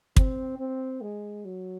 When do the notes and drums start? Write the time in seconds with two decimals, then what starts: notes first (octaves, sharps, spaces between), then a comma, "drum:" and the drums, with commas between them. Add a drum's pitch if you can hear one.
0.16 C4, drum: kick
0.59 C4
1.02 G#3
1.45 F#3